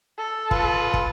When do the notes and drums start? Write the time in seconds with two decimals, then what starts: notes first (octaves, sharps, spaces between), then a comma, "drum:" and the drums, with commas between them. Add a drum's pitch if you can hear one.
0.18 A4
0.51 F4 B4, drum: kick
0.94 drum: kick